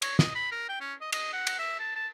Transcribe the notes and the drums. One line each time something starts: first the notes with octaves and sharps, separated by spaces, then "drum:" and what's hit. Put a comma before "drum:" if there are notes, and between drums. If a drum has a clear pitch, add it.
C#5, drum: cymbal
D#5, drum: snare
B5
A#4
G5
C#4
D#5
D#5, drum: cymbal
F#5
drum: cymbal
E5
A5
A5